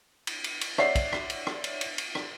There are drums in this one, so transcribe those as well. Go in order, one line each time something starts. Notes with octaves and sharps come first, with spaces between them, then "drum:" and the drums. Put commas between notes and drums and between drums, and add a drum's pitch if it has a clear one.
drum: cymbal
drum: cymbal
drum: cymbal
C#5 D5 E5 F#5 C7, drum: rim click
drum: kick, cymbal
drum: rim click
drum: cymbal
drum: rim click
drum: cymbal
drum: cymbal
drum: cymbal
drum: rim click